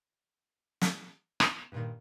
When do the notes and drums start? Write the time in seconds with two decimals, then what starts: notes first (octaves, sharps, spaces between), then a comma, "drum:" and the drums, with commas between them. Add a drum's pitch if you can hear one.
0.82 drum: snare
1.40 B3 C6, drum: rim click
1.72 G2 A#2 D#3